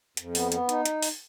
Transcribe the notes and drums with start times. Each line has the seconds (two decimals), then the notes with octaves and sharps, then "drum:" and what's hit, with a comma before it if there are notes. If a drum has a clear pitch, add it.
0.17 F2, drum: hi-hat
0.35 B3, drum: open hi-hat
0.52 B3, drum: hi-hat
0.69 D#4, drum: hi-hat
0.86 drum: hi-hat
1.02 drum: open hi-hat